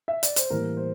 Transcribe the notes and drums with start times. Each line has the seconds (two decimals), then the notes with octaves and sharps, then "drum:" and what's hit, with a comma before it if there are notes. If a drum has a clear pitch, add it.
0.08 E5
0.23 D5, drum: hi-hat
0.36 C5, drum: hi-hat
0.50 A2 E3 G3 A#3 A#4
0.77 C5